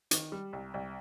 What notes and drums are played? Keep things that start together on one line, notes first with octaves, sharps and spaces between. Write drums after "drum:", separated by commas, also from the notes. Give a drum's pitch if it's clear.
D#3, drum: hi-hat
G3
C2
C2